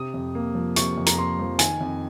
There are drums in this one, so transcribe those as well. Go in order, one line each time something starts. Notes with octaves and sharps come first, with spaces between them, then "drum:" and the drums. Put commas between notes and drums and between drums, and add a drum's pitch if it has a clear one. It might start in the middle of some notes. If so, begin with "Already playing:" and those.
Already playing: C3 D#6
F2
A#3
F3
C3 C#6, drum: hi-hat
F2
A#5, drum: hi-hat
A#3 C6
F3
D#3 G#5, drum: hi-hat
F2